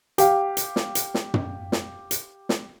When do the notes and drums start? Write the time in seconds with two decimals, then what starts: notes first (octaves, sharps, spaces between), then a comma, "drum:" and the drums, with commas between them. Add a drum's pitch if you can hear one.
0.18 G4 F5, drum: hi-hat
0.57 drum: hi-hat
0.76 drum: snare
0.95 drum: hi-hat
1.14 drum: snare
1.34 drum: tom
1.72 drum: snare
2.11 drum: hi-hat
2.49 drum: snare